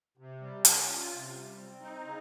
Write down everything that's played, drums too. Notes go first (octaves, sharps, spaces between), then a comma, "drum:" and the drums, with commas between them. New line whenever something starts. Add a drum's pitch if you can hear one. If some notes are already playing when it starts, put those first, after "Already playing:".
C3
G3
C#4, drum: hi-hat
F4
C3
G3
C4
D#4
C#3